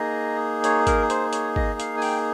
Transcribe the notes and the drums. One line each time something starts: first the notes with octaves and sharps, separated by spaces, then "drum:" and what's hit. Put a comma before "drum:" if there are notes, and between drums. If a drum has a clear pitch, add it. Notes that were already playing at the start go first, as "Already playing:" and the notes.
Already playing: A#3 D#4 G#4 D#5
C#5, drum: hi-hat
A#4, drum: kick, hi-hat
C5, drum: hi-hat
C#5, drum: hi-hat
D#5, drum: kick
F5, drum: hi-hat
G#5
G5, drum: open hi-hat